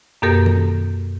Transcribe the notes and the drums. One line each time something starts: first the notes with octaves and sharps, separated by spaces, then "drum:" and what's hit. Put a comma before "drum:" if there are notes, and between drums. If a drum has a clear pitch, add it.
F#2 B2 A#3 G4 A4 A#4
drum: tom D#3